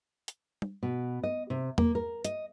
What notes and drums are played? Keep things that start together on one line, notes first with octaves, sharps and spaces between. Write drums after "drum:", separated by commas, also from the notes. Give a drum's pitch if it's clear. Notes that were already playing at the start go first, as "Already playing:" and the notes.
drum: hi-hat
drum: tom
B2
D#5
C3
A#3, drum: tom E2
A#4
D#5, drum: hi-hat